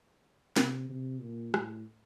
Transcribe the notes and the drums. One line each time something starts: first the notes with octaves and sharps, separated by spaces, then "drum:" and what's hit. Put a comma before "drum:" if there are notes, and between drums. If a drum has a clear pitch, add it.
C3, drum: snare
C3
A#2
A2, drum: rim click